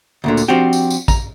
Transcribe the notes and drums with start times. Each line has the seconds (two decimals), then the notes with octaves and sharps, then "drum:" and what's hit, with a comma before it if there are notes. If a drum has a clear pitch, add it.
0.24 D2 A#2 D3
0.37 drum: tambourine
0.48 F3 C4 D4 F#4 G4
0.73 drum: tambourine
0.90 drum: tambourine
1.08 A#5, drum: kick A1, tambourine